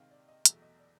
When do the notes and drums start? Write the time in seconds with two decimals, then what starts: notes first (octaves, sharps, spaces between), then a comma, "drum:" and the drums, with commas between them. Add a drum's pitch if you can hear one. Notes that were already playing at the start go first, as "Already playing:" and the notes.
Already playing: C3 D#3 G#3 F5
0.11 D5
0.28 D#5
0.45 E2 B2 F#3 A3 E5, drum: hi-hat
0.62 D#5
0.79 D5